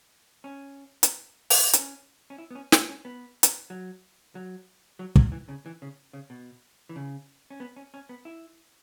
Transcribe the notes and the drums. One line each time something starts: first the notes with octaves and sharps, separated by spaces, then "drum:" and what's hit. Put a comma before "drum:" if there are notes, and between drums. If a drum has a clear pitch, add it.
C#4
drum: hi-hat
drum: open hi-hat
C#4, drum: hi-hat
C#4
E4
B3
C#4
E4, drum: snare
C#4
B3
drum: hi-hat
F#3
F#3
F#3
F#3, drum: kick
E3
C#3
E3
C#3
C#3
B2
E3
C#3
C#4
B3
C#4
C#4
B3
E4